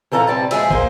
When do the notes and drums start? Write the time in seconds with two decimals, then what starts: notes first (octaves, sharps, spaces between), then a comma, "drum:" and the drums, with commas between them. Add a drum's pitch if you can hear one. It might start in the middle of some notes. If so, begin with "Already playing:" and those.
0.12 F2 E3 A4 F5 A#5
0.27 C3 G3 A5
0.51 F3 G#3 G#4 E5, drum: cymbal
0.70 A#3 C5, drum: kick